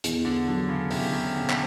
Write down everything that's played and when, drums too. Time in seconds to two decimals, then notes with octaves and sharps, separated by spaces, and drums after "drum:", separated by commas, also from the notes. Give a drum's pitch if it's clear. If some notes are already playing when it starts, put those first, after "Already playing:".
0.04 E2, drum: hi-hat
0.25 D3
0.48 D3 F#3
0.69 C#3
0.91 E2 C3, drum: open hi-hat
1.13 C#3
1.34 B2 D3
1.50 drum: clap